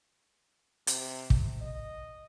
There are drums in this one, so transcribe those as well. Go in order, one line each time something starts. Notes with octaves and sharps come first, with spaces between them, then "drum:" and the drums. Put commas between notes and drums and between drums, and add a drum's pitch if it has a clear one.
C3, drum: hi-hat
drum: kick
D#5